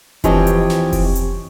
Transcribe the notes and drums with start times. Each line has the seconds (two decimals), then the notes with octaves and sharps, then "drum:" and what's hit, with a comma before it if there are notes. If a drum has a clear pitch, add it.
0.24 E3 F3 C4 G4 C#5 D#5, drum: kick F1, hi-hat
0.47 drum: hi-hat
0.70 drum: snare
0.93 drum: kick F1, open hi-hat
1.16 drum: hi-hat